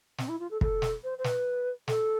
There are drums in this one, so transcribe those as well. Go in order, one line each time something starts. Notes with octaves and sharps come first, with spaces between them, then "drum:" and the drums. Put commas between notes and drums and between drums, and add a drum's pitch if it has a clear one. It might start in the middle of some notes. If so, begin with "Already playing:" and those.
C4, drum: snare
E4
F4
A4
A4, drum: kick
drum: snare
C5
C5
B4, drum: snare
A4, drum: snare